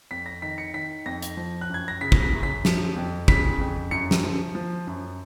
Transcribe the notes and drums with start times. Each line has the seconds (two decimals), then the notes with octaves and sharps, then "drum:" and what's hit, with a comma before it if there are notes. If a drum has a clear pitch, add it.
0.11 F2 B6
0.26 A#6
0.42 D#3 B6
0.58 C#7
0.74 D#3 B6
1.06 F2 A#6
1.22 drum: hi-hat
1.37 F3
1.61 F#6
1.69 F#2 G#6
1.88 A#6
2.01 C#3 B6
2.12 drum: kick
2.22 B6
2.33 F#2
2.43 B6
2.65 F3, drum: snare
2.96 F2
3.28 C#3 B6, drum: kick
3.60 F2
3.91 F#2 C#7
4.11 drum: snare
4.23 F3
4.55 F3
4.87 F#2